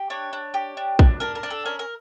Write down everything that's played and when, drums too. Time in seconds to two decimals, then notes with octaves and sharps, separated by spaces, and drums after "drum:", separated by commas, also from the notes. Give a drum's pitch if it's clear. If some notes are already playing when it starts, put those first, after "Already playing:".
Already playing: G4
0.10 D4 C#5
0.33 D4
0.54 G4
0.77 D4
0.99 D4, drum: kick A#1
1.20 D4 A#4
1.35 A#4
1.43 D4
1.50 A4
1.65 C#4 A#4
1.79 A#4